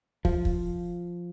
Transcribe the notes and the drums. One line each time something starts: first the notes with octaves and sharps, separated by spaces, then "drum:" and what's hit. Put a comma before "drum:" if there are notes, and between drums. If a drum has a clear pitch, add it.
F3, drum: kick
drum: kick